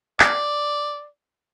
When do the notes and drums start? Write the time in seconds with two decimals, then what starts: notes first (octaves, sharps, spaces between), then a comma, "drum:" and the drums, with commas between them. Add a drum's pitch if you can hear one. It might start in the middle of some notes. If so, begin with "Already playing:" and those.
0.20 D5, drum: clap